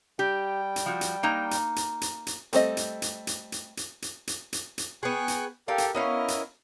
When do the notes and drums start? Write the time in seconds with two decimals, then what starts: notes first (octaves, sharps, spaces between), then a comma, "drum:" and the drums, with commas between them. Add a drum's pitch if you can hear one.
0.19 G3 G4 G5
0.76 drum: hi-hat
0.86 F3 F#4
1.01 drum: hi-hat
1.23 A#3 D#4 A#5
1.51 drum: hi-hat
1.76 drum: hi-hat
2.01 drum: hi-hat
2.27 drum: hi-hat
2.53 G3 A3 C4 F#4 D#5, drum: hi-hat
2.77 drum: hi-hat
3.02 drum: hi-hat
3.27 drum: hi-hat
3.52 drum: hi-hat
3.77 drum: hi-hat
4.02 drum: hi-hat
4.27 drum: hi-hat
4.53 drum: hi-hat
4.78 drum: hi-hat
5.03 B3 G#4 G5 C#6 F#6
5.28 drum: hi-hat
5.68 G4 A4 A#4 F5 G5
5.78 drum: hi-hat
5.95 B3 C#4 E4 A#4 D#5 F5
6.28 drum: hi-hat